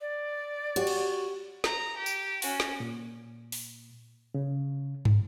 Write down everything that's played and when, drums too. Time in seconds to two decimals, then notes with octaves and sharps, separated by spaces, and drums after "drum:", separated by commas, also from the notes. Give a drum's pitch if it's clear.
0.01 D5
0.76 F#4 G4 C#5
0.87 drum: cymbal
1.64 A#5, drum: snare
1.97 G4
2.06 drum: tambourine
2.42 C#4 F#4, drum: open hi-hat
2.60 drum: snare
2.80 A#2
3.52 drum: open hi-hat
4.34 C#3
5.05 drum: tom